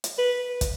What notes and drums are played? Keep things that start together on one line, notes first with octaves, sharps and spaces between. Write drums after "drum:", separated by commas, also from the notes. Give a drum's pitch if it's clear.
drum: hi-hat
B4
drum: kick, hi-hat